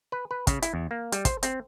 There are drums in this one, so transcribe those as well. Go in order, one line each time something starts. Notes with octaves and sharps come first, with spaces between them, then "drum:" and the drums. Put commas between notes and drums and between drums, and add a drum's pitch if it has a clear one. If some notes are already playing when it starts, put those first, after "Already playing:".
B4
B4
C#3, drum: kick, hi-hat
E4, drum: hi-hat
E2
A#3
G3, drum: hi-hat
C5, drum: kick, hi-hat
C4, drum: hi-hat